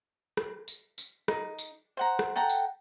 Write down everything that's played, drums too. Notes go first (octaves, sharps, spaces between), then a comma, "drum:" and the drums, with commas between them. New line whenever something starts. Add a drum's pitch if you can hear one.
drum: rim click
drum: tambourine
drum: tambourine
D#4, drum: rim click
drum: tambourine
C5 F#5 A#5
drum: rim click
A4 F#5 G5 A#5
drum: tambourine